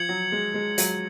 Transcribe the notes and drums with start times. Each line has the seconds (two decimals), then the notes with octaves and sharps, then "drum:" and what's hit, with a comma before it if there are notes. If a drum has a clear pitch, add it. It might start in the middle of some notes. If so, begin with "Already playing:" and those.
Already playing: F3 G#6 C#7 F#7
0.09 F#3
0.32 G#3
0.54 G#3
0.78 F#3, drum: hi-hat